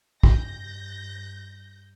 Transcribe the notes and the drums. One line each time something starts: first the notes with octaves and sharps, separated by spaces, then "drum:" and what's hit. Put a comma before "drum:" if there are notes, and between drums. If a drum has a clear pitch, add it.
G2 G6 A#6, drum: kick